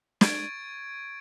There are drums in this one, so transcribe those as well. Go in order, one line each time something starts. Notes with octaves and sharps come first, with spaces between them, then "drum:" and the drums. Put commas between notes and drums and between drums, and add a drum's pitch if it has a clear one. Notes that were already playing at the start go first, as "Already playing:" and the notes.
C#6 G#6 A6 D7, drum: snare